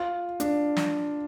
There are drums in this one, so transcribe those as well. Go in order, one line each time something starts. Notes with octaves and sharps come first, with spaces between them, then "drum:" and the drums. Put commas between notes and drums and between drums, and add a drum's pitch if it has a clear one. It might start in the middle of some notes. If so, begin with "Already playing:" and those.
Already playing: F4
D4, drum: hi-hat
drum: snare